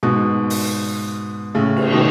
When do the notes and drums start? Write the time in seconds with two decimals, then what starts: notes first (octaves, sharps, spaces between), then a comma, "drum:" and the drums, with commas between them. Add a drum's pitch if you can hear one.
0.03 G#2 B2, drum: tom
0.50 drum: open hi-hat
1.55 A2 C#3
1.77 drum: cymbal
1.92 B2 D#3